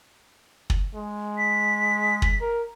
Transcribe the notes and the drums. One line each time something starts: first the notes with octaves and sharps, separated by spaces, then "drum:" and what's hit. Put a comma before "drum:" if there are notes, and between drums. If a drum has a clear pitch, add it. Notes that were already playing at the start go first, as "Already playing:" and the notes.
drum: kick
G#3
B6
drum: kick
A#4